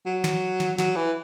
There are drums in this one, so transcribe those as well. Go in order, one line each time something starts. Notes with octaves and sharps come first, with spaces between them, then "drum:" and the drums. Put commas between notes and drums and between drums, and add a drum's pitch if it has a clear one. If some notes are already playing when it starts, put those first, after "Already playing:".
F#3
drum: snare
drum: snare
F#3, drum: snare
E3